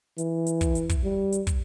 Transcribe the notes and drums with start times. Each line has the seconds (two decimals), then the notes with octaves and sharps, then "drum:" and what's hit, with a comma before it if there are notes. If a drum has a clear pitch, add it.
0.18 E3, drum: hi-hat
0.47 drum: hi-hat
0.61 drum: kick, hi-hat
0.75 drum: hi-hat
0.89 drum: kick, hi-hat
1.04 G3
1.32 drum: hi-hat
1.47 drum: kick, hi-hat